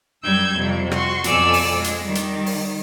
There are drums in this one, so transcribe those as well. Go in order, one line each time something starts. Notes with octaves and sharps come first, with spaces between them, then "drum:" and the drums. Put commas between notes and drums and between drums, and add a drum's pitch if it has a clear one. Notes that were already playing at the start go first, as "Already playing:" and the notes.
F#2 G3 E6 G6 G#6
F2 C3 G3
F#4 C6 C#6, drum: rim click
F2 B2 A4 D5 G#5 E6, drum: hi-hat
drum: open hi-hat
G#3
drum: hi-hat
D#3 G3
drum: hi-hat
drum: open hi-hat